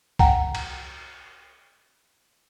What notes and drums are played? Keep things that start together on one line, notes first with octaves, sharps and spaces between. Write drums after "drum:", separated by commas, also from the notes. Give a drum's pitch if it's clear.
F#5 G5 A#5, drum: kick C2
drum: cymbal